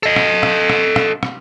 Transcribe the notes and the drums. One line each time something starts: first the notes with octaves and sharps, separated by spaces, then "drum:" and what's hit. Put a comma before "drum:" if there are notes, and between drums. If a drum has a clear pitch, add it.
A4 D#5
drum: rim click
drum: rim click
drum: rim click
drum: rim click
drum: rim click